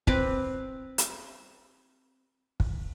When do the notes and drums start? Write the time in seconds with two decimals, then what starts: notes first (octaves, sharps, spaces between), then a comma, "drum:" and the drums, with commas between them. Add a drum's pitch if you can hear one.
0.07 C4 B4 D6, drum: kick
0.98 drum: hi-hat
2.60 drum: kick